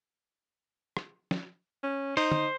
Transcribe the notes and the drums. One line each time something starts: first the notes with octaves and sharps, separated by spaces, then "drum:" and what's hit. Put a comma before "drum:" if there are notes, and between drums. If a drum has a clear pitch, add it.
drum: rim click
drum: snare
C#4
D#4 C5, drum: open hi-hat
drum: tom